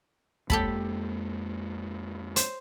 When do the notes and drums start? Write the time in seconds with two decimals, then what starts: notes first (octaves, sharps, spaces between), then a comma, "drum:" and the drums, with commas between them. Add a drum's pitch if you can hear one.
0.50 F2 G#3 A#3 G4 A4 B5, drum: kick
2.36 C5, drum: hi-hat